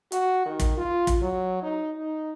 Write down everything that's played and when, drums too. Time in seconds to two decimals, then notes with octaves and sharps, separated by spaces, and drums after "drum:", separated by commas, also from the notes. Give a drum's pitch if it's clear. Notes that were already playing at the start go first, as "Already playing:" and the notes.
0.12 F#4, drum: hi-hat
0.46 D#3
0.60 drum: kick, hi-hat
0.78 F4
1.07 drum: kick, hi-hat
1.22 F#3
1.62 D#4
1.98 D#4